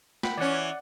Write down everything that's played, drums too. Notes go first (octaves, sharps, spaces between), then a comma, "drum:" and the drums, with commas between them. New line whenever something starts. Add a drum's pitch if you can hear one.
F#5 G5 B5, drum: snare
E3 C#4 D5 F#5